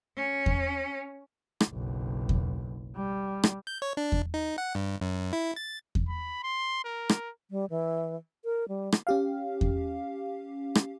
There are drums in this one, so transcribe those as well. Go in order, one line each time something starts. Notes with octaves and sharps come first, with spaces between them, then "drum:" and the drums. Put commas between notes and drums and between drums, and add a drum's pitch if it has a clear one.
C#4
drum: kick E2
drum: rim click
F#1 B1
drum: kick E2
G3
drum: rim click
G6
C#5
D4
drum: kick E2
D#4
F#5
G2
F#2
E4
A6
drum: kick E2
B5
C6
A#4
drum: rim click
G3
E3
A#4
G3
drum: rim click
C#4 G4 F5
drum: kick E2
drum: rim click